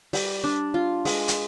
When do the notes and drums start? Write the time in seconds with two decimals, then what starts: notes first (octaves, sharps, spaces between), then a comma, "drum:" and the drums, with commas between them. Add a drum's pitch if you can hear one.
0.13 G3, drum: open hi-hat
0.44 D4
0.74 F4
1.05 G#3, drum: open hi-hat
1.28 drum: hi-hat